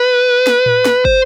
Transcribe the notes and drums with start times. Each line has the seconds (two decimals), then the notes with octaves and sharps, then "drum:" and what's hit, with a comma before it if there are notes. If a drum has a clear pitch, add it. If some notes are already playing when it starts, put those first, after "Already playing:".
Already playing: B4
0.47 drum: snare
0.66 drum: tom A2
0.85 drum: snare
1.05 C5, drum: kick